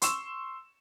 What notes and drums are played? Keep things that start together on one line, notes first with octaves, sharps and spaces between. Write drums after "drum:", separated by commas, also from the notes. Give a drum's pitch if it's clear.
C6 C#6 E6 E7, drum: hi-hat